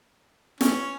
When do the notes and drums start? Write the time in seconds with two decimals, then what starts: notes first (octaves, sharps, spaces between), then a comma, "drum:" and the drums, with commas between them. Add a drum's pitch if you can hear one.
0.61 C#4, drum: snare